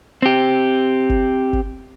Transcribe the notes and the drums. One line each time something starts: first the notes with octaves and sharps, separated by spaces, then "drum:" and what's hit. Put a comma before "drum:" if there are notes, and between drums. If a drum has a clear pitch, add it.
C4 G4
drum: kick G1
drum: kick G1